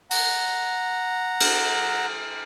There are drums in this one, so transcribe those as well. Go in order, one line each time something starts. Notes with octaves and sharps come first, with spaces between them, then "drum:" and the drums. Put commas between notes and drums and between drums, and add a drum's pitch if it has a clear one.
F#5 A#5, drum: open hi-hat
drum: cymbal